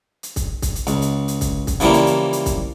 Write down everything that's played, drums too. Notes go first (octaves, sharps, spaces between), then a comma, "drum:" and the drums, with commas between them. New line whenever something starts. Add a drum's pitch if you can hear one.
drum: hi-hat
drum: kick, hi-hat
drum: kick, hi-hat
drum: hi-hat
C#2, drum: hi-hat
drum: hi-hat
drum: hi-hat
drum: kick, hi-hat
drum: kick, hi-hat
C#3 E3 F3 G3 A#3, drum: hi-hat
drum: hi-hat
drum: hi-hat
drum: hi-hat
drum: kick, hi-hat